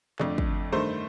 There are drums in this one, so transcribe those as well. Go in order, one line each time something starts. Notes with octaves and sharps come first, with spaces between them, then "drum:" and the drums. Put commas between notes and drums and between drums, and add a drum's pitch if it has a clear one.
F2 D3 A3 D4, drum: clap
drum: kick
G2 D#3 A3 C5